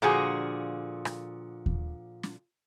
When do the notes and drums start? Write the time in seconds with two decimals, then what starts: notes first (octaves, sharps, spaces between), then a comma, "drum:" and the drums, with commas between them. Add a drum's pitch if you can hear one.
0.02 A#2 D3 F3 F#4 G#4
1.05 drum: rim click
1.66 drum: kick D#2
2.23 drum: snare